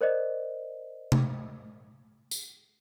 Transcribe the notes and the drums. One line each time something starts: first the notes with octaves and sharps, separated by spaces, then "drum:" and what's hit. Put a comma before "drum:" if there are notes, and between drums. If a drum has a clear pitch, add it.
A#4 C5 D5 D#5
drum: tom C3
drum: tambourine